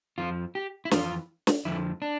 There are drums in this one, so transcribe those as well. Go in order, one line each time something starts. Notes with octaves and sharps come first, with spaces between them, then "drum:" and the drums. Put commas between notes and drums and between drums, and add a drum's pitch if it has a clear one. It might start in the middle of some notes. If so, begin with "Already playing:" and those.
F2 D3 F3 F4
G4
E4
F2 E3 F4, drum: snare
drum: snare
F2 D3 F3 E4
D4